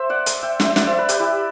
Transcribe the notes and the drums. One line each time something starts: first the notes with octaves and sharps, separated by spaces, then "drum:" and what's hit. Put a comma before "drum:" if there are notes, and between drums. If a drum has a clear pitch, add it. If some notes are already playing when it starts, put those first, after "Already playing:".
Already playing: C5 E5
D5 F#5
drum: hi-hat
E5 G5
E5 G5, drum: snare
E5
D5 F#5, drum: snare
C5 E5
B4 D5
G4 B4, drum: hi-hat
E4 G4